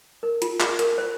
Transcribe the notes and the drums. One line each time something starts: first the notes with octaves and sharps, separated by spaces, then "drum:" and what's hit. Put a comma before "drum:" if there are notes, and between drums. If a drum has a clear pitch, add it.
A#4
F4, drum: hi-hat
F4, drum: clap
A#4, drum: hi-hat
C5